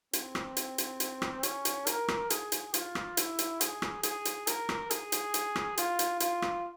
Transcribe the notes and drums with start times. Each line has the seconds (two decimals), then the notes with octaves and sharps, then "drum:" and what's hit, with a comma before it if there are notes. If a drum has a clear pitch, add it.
0.13 C4, drum: hi-hat
0.35 drum: rim click
0.57 drum: hi-hat
0.78 drum: hi-hat
1.00 drum: hi-hat
1.22 drum: rim click
1.43 C#4, drum: hi-hat
1.65 drum: hi-hat
1.87 A#4, drum: hi-hat
2.08 drum: rim click
2.30 G#4, drum: hi-hat
2.52 drum: hi-hat
2.74 F4, drum: hi-hat
2.95 drum: rim click
3.17 E4, drum: hi-hat
3.39 drum: hi-hat
3.61 G#4, drum: hi-hat
3.82 drum: rim click
4.03 G#4, drum: hi-hat
4.25 drum: hi-hat
4.47 A#4, drum: hi-hat
4.69 drum: rim click
4.91 G#4, drum: hi-hat
5.12 drum: hi-hat
5.34 drum: hi-hat
5.56 drum: rim click
5.77 F4, drum: hi-hat
5.99 drum: hi-hat
6.20 F4, drum: hi-hat
6.42 drum: rim click